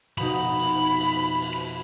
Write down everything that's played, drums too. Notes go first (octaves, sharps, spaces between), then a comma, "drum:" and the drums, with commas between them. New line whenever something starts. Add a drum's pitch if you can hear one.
F2 B2 D#4 B5, drum: cymbal
drum: cymbal
drum: cymbal
drum: cymbal